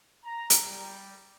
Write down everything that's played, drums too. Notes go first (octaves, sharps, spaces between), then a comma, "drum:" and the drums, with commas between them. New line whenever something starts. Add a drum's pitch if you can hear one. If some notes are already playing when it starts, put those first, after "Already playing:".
A#5
drum: hi-hat
G3